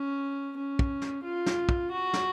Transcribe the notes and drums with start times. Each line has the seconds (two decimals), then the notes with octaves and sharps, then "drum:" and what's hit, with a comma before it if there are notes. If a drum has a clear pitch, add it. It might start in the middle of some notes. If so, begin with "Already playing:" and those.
Already playing: C#4
0.57 C#4
0.79 drum: kick
1.02 drum: snare
1.24 F4
1.46 drum: snare
1.69 drum: kick
1.91 F#4
2.13 drum: snare